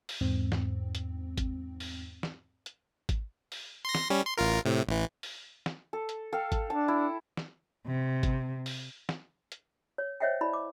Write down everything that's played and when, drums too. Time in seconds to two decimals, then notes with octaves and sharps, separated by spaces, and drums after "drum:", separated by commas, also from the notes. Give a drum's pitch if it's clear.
0.09 drum: open hi-hat
0.21 E2 G#2 C4
0.52 drum: snare
0.95 drum: hi-hat
1.37 drum: kick G#1, hi-hat
1.80 drum: open hi-hat
2.23 drum: snare
2.66 drum: hi-hat
3.09 drum: kick G#1, hi-hat
3.52 drum: open hi-hat
3.85 C6 A#6
3.95 drum: snare
4.10 G3 C#4
4.26 C6
4.37 A1 F4 A#4
4.65 A2 C3
4.87 A1 E3
5.23 drum: open hi-hat
5.66 drum: snare
5.93 A4
6.09 drum: hi-hat
6.33 A4 F5 G5
6.52 drum: kick G#1, hi-hat
6.70 D4 A5
6.88 E4
7.37 drum: snare
7.86 C3
8.23 drum: kick G#1, hi-hat
8.66 drum: open hi-hat
9.09 drum: snare
9.52 drum: hi-hat
9.98 C#5
10.20 C5 C#5 D#5 E5 F#5 G5
10.41 E4 D5 B5
10.53 D6